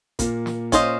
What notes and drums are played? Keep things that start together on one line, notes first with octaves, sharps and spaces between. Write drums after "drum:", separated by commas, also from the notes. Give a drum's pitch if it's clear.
A#2 A#3, drum: kick A1, hi-hat
drum: snare
C#4 F4 C5 D#5, drum: kick A1, hi-hat